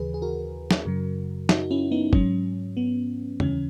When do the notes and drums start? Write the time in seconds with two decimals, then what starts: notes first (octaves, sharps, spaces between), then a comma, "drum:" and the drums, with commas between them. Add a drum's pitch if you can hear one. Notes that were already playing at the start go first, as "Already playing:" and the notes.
Already playing: D#2 C#3 E3 G#4 B4
0.14 G#4
0.22 F#4 A#4
0.71 drum: snare
0.85 F#2 C#3 F#3
1.49 D#4 F#4, drum: snare
1.71 C#4 E4
1.91 B3 D#4
2.13 G#2 F#3 C#4, drum: kick
2.77 B3
3.40 D#2 C#3 E3 C#4, drum: tom